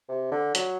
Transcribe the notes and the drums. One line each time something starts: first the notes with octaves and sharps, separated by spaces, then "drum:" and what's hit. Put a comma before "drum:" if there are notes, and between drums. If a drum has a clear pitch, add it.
C3
D3
F#3, drum: hi-hat